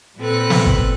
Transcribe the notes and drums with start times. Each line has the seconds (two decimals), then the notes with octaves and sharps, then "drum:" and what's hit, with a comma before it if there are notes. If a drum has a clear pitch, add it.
0.19 A#2 C4 A4 B4 F#6
0.50 drum: snare
0.66 drum: kick